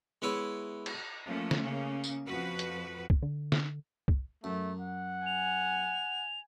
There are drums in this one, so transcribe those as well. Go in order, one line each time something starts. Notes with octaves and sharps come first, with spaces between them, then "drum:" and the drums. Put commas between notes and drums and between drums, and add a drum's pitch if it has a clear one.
G#3 B3 E4 C#5
drum: cymbal
F3 A3 A#3 C#4
drum: snare
C#3 A#3 C#4
drum: tambourine
F2 F3 F#4 B4
drum: hi-hat
drum: kick C2
D3
drum: snare
drum: kick C2
F#2 A3
F#5
G#5 F7